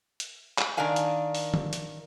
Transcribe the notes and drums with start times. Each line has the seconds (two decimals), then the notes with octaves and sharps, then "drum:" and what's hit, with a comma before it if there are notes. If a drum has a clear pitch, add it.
0.20 drum: hi-hat
0.58 drum: clap
0.77 D#3 D4 A#4 F5 G#5
0.96 drum: hi-hat
1.35 drum: open hi-hat
1.54 drum: tom D3
1.73 drum: hi-hat